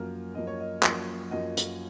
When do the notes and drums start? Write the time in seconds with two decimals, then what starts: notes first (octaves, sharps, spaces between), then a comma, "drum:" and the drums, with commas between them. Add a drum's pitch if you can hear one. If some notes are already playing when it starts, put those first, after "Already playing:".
Already playing: F#2 F3 A#3 A#4
0.35 F#2 F3 A#3 D#5
0.47 C#5
0.60 D#5
0.83 F#2 F3 A#3, drum: clap
1.31 F#2 F3 A#3 D#5
1.57 drum: hi-hat